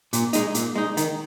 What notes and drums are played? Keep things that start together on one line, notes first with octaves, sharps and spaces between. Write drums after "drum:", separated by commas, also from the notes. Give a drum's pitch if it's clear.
A#2, drum: hi-hat
G#3 D#4, drum: hi-hat
A#2, drum: hi-hat
G#3 D#4
D#3, drum: hi-hat